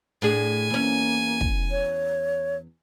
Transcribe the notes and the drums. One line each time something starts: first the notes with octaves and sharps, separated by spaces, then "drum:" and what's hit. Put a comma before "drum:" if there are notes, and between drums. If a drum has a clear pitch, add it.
A2 D4 G#4 G#5
E2 A#3 C#4
drum: kick
C#5